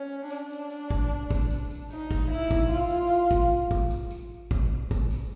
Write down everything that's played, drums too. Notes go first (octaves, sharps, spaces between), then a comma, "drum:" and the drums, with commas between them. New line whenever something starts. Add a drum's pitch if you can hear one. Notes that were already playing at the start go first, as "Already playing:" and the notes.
Already playing: C#4
D4, drum: tambourine
drum: tambourine
drum: tambourine
drum: kick, tambourine
drum: kick, tambourine
drum: tambourine
drum: tambourine
D#4, drum: tambourine
drum: kick, tambourine
E4
drum: kick, tambourine
F4, drum: tambourine
drum: tambourine
drum: tambourine
drum: kick, tambourine
drum: tambourine
drum: kick, tambourine
drum: tambourine
drum: tambourine
drum: kick, tambourine
drum: kick, tambourine
drum: tambourine